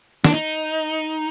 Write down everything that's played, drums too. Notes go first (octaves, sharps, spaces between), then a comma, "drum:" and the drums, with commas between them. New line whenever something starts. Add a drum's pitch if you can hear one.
D4, drum: snare
D#4